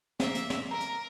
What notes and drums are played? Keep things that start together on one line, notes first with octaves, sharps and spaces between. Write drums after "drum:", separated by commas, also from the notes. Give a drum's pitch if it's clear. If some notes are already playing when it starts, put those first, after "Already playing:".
A#3 E5, drum: snare
drum: hi-hat
drum: snare
A#4 A#5
drum: hi-hat